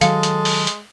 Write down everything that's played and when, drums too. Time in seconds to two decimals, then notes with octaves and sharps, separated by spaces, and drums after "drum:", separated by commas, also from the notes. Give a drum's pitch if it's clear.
0.01 D#3 F#3 G#3 A4 F5, drum: hi-hat
0.23 drum: hi-hat
0.45 drum: open hi-hat
0.67 drum: hi-hat